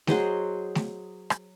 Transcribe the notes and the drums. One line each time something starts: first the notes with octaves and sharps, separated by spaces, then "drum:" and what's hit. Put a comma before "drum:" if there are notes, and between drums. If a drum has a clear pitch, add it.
F#3 G#4 C5 D#5, drum: snare A3
drum: snare A3
drum: rim click